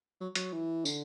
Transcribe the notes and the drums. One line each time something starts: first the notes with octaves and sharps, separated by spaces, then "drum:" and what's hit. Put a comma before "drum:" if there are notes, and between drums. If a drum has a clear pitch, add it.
F#3
F#3, drum: hi-hat
E3
D3, drum: tambourine